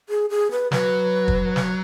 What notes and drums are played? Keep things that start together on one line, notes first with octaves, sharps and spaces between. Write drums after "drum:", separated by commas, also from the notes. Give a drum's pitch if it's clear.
G#4
G#4
B4
F#3 B4, drum: snare
drum: kick
drum: snare